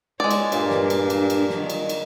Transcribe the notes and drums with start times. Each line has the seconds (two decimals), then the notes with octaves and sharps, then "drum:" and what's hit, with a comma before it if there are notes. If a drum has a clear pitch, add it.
0.20 G#3 C#5 D5
0.31 drum: cymbal
0.52 G2 A#2 D4, drum: cymbal
0.70 drum: snare
0.90 drum: cymbal
1.10 drum: cymbal
1.30 drum: cymbal
1.50 D#3 F#3, drum: snare
1.70 drum: cymbal
1.89 drum: cymbal